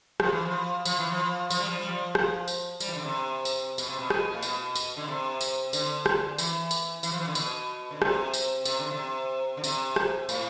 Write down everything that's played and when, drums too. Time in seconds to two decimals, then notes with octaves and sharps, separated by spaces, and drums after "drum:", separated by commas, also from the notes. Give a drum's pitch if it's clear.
0.20 F3, drum: rim click
0.32 E3
0.45 F3
0.85 F3, drum: tambourine
0.99 E3
1.12 F3
1.50 F3, drum: tambourine
1.59 G3
1.69 F3
1.79 G3
1.88 F3
2.15 F3, drum: rim click
2.48 drum: tambourine
2.80 G3, drum: tambourine
2.88 E3
2.96 D3
3.05 C3
3.45 drum: tambourine
3.78 B2, drum: tambourine
3.89 C3
3.99 B2
4.10 drum: rim click
4.34 A2
4.43 B2, drum: tambourine
4.75 drum: tambourine
4.97 D3
5.08 C3
5.41 drum: tambourine
5.73 D3, drum: tambourine
6.06 drum: rim click
6.38 E3, drum: tambourine
6.71 drum: tambourine
7.03 E3, drum: tambourine
7.12 F3
7.20 E3
7.27 D3
7.35 B2, drum: tambourine
7.91 D3
8.02 C3, drum: rim click
8.34 drum: tambourine
8.65 C3, drum: tambourine
8.79 D3
8.91 C3
9.57 D3
9.64 C3, drum: tambourine
9.96 drum: rim click
10.29 A2, drum: tambourine